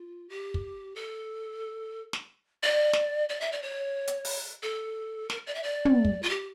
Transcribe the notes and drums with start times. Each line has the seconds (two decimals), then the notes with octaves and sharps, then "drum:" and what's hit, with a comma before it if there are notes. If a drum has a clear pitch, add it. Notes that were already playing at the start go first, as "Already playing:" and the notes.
Already playing: F4
0.29 G4
0.54 drum: kick
0.96 A4
2.13 drum: snare
2.63 D5
2.93 drum: snare
3.29 D5
3.41 E5
3.52 D5
3.62 C#5
4.07 drum: hi-hat
4.25 drum: open hi-hat
4.63 A4
5.30 A#4, drum: snare
5.47 D5
5.55 E5
5.63 D5
5.85 drum: tom
6.05 drum: kick
6.23 F4
6.30 G4